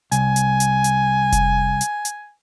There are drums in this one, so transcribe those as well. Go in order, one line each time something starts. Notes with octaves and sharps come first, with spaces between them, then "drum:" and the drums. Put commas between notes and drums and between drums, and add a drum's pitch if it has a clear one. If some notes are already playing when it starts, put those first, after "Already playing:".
C2 G#5, drum: hi-hat
drum: hi-hat
drum: hi-hat
drum: hi-hat
drum: kick F1, hi-hat
drum: hi-hat
drum: hi-hat